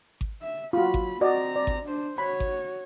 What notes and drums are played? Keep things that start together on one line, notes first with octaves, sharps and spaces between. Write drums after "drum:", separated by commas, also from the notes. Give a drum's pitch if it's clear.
drum: kick G#1
E5
F#3 F4 F#4 B5
drum: kick G#1
C4 F#4 D5 D#5 A#5
D5
drum: kick G#1
D4 C5
F#4 C#5 B5
drum: kick G#1